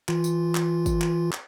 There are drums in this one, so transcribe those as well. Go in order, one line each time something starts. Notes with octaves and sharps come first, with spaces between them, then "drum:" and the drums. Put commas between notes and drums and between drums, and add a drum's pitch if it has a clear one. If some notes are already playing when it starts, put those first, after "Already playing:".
E3 F4, drum: clap
drum: tambourine
drum: clap
drum: kick, tambourine
drum: clap
drum: clap